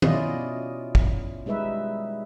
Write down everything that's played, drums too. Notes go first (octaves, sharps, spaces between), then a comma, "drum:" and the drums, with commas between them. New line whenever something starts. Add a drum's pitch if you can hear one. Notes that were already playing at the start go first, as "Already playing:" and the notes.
B2 C#4 E4 F4 D5 D#5, drum: tom D#3
drum: kick
G3 G#3 D#4 B4 E5